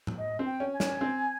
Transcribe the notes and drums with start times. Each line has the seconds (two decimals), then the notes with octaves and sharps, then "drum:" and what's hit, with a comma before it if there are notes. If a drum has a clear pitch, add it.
0.07 drum: tom A2
0.18 D#5
0.39 C4
0.46 G5
0.60 C#4
0.74 G#5
0.80 C#4, drum: snare
1.01 C4